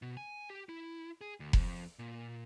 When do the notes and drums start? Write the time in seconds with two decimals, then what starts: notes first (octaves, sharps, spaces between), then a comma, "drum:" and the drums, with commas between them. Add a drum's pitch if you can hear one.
0.02 B2
0.17 G#5
0.50 G4
0.69 E4
1.21 G#4
1.40 D2
1.53 F2, drum: kick F1
1.99 A#2